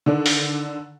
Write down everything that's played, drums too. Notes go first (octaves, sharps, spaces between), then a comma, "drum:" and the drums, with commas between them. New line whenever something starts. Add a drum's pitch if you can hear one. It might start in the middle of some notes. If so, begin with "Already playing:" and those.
D3 D#3 D4
drum: open hi-hat